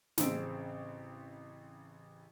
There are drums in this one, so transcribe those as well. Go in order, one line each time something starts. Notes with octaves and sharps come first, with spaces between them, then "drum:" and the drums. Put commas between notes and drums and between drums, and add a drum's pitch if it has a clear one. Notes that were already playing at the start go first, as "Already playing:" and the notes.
A1 C#3 C4 C5 E6 D7, drum: snare